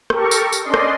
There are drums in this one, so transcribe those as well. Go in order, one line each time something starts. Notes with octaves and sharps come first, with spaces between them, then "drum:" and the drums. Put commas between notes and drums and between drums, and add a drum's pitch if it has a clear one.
G4 A4 A#4 C#6, drum: rim click
drum: tambourine
drum: tambourine
C#4 D4 D5 D#5 C6
drum: rim click